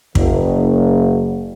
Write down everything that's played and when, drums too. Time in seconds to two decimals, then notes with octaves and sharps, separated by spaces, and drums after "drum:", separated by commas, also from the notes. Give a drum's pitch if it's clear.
0.15 F#1, drum: kick